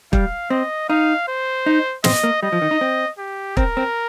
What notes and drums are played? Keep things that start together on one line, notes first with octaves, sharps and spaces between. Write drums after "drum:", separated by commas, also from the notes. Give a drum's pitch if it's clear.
G3 F5, drum: kick
C4 D#5
D#4 F5
C5
D#4
C4 D#5, drum: snare
A#3
G3 D#5
F3
D#3
D#4
C4
G4
C4 A#4, drum: kick
C4